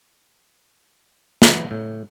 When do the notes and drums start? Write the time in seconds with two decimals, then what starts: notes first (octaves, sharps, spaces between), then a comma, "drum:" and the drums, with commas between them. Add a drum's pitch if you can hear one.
1.42 E3, drum: snare
1.71 A2